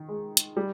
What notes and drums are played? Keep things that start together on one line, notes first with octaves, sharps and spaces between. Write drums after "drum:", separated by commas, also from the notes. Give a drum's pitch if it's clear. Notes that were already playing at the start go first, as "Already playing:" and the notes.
Already playing: D#3
G#3
drum: hi-hat
G3